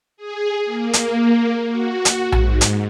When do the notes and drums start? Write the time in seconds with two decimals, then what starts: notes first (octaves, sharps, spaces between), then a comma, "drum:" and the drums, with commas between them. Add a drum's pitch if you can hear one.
0.17 G#4
0.66 A#3
0.93 drum: hi-hat
1.67 F#4
2.05 drum: hi-hat
2.32 G#2, drum: tom A#1
2.61 drum: hi-hat